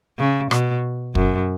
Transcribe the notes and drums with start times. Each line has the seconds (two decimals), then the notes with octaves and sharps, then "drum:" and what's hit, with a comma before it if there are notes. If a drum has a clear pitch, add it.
0.19 C#3
0.51 B2, drum: rim click
1.15 F#2, drum: kick